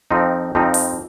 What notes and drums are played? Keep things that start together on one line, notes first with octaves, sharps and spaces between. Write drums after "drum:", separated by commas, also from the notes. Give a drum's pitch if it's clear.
F2 F3 C4 D#4
F2 F3 C4 D#4
drum: open hi-hat